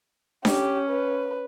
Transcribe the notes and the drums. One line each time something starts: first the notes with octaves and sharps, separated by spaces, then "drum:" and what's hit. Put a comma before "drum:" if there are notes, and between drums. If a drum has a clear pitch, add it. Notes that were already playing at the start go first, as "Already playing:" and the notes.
C#4 G4, drum: snare D4
B4